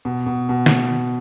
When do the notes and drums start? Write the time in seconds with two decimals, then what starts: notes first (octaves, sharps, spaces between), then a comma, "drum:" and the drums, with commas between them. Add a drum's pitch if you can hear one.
0.05 B2
0.26 B2
0.49 B2
0.66 drum: snare